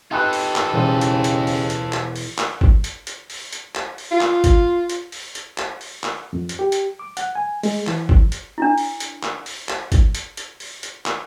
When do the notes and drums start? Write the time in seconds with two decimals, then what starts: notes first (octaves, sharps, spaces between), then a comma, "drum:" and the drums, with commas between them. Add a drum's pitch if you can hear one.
0.11 D#4 F4 G4 A4 B4
0.33 drum: open hi-hat
0.56 drum: clap
0.73 E1 C#3 C5 D#7
1.01 drum: hi-hat
1.24 drum: hi-hat
1.47 drum: open hi-hat
1.70 drum: hi-hat
1.93 drum: clap
2.16 drum: open hi-hat
2.38 drum: clap
2.61 drum: kick G1
2.84 drum: hi-hat
3.07 drum: hi-hat
3.30 drum: open hi-hat
3.53 drum: hi-hat
3.75 drum: clap
3.98 drum: open hi-hat
4.11 F4
4.21 drum: clap
4.44 drum: kick G1, hi-hat
4.89 drum: hi-hat
5.12 drum: open hi-hat
5.35 drum: hi-hat
5.58 drum: clap
5.81 drum: open hi-hat
6.04 drum: clap
6.33 F2
6.49 drum: hi-hat
6.59 G4
6.72 drum: hi-hat
6.99 D6
7.17 F#5, drum: hi-hat
7.35 G#5
7.63 G#3, drum: open hi-hat
7.87 E3, drum: clap
8.09 drum: kick G1
8.32 drum: hi-hat
8.58 D4 E4
8.78 drum: open hi-hat
9.00 drum: hi-hat
9.23 drum: clap
9.46 drum: open hi-hat
9.69 drum: clap
9.92 drum: kick G1, hi-hat
10.15 drum: hi-hat
10.37 drum: hi-hat
10.60 drum: open hi-hat
10.83 drum: hi-hat
11.06 drum: clap